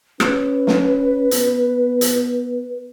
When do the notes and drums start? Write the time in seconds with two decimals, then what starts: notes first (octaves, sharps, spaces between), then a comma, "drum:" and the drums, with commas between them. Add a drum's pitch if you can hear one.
0.20 C#4 B4, drum: rim click
0.67 drum: snare
1.31 B3, drum: hi-hat
2.01 drum: hi-hat